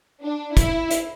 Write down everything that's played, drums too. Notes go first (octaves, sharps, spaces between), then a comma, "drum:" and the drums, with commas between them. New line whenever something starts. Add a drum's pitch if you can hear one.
D4
E4, drum: kick, hi-hat
drum: hi-hat